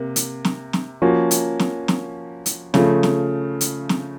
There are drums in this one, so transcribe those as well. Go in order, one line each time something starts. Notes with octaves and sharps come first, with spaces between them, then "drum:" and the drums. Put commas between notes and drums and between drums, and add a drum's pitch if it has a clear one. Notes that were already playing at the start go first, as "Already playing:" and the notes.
Already playing: C3 A#3
drum: hi-hat
drum: snare
drum: snare
F3 A#3 C#4 F#4
drum: hi-hat
drum: snare
drum: snare
drum: hi-hat
C#3 F3 A3, drum: snare
drum: snare
drum: hi-hat
drum: snare